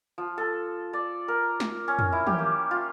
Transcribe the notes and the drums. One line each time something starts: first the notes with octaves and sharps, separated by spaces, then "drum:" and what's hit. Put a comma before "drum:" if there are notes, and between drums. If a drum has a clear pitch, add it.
F3
A4
D5
A#4
drum: snare
C#4
drum: tom
E4
G4, drum: tom
A#3
F4